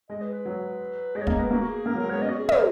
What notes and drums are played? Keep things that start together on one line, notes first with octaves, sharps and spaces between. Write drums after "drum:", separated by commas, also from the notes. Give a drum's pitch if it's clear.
G#3 D#5
B4
B4
F#3
G#3 D#5
C#5
A#3 D#5, drum: kick
B3
A#3 F#4
F#4
G#4
A#3 A#4
F#3
A#4
G#3
B3 C#5
C#4 D#5
F#4
G#4
A#4, drum: tom